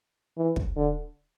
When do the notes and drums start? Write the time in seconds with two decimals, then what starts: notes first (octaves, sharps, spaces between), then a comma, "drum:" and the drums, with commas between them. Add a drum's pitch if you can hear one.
0.37 E3
0.56 drum: kick
0.76 D3